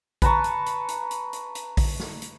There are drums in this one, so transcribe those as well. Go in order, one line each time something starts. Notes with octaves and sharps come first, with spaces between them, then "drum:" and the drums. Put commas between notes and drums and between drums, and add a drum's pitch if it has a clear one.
B4 A5 A#5 C#6, drum: kick A#1, hi-hat
drum: hi-hat
drum: hi-hat
drum: hi-hat
drum: hi-hat
drum: hi-hat
drum: hi-hat
drum: kick A#1, open hi-hat
drum: snare
drum: hi-hat